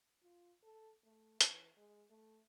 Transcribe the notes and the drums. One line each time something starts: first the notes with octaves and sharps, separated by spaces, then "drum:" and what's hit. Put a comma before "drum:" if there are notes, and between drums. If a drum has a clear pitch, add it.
F4
A4
A3
E3, drum: hi-hat
G#3
A3